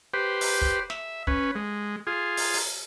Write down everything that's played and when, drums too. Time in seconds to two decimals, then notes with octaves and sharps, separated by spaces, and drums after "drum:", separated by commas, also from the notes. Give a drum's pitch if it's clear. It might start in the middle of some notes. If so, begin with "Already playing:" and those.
0.14 G4 B4 C5
0.41 drum: open hi-hat
0.62 drum: kick
0.90 E5, drum: snare
1.27 C#4 B4, drum: kick
1.55 G#3
2.07 F4 G#4
2.37 drum: open hi-hat
2.54 drum: open hi-hat